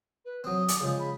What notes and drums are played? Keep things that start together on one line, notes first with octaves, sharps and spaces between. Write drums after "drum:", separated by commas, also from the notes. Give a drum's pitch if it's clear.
B4
F#3 C4 D#6
D5 A5, drum: hi-hat
C#3 F3 G#3
B5